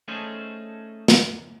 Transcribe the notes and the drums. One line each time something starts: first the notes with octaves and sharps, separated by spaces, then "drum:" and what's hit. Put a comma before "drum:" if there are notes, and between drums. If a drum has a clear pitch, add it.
A3 C#4 D#4 G#4 A4 C5
drum: snare